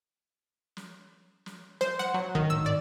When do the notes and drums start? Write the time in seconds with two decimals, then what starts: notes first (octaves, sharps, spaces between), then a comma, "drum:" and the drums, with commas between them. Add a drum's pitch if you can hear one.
0.77 drum: snare
1.46 drum: snare
1.81 C5, drum: snare
1.99 F#5, drum: snare
2.14 F#3
2.35 D#3, drum: kick
2.50 E6, drum: tom
2.66 D5